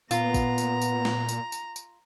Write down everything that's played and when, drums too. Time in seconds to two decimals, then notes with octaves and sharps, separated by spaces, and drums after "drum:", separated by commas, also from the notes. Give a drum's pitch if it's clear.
0.11 A#2 B3 F4 A#5, drum: tambourine
0.34 drum: kick G#1, tambourine
0.58 drum: tambourine
0.81 drum: tambourine
1.05 drum: snare
1.29 drum: tambourine
1.52 drum: tambourine
1.76 drum: tambourine